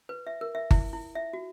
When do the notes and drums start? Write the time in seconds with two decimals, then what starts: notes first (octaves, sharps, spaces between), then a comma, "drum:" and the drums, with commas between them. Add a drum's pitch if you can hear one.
0.09 B4
0.27 E5
0.41 A#4
0.55 E5
0.71 E4, drum: kick G1
0.93 E4
1.15 E5
1.33 F#4